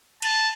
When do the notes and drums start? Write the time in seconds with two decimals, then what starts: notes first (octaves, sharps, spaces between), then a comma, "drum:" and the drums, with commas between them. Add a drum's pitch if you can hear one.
0.22 A5, drum: cymbal